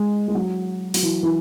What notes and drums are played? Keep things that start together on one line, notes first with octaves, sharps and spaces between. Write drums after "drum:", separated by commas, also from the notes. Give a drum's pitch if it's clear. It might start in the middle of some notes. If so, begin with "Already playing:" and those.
Already playing: G#3
G#3
F#3
F#3, drum: open hi-hat
E3
E3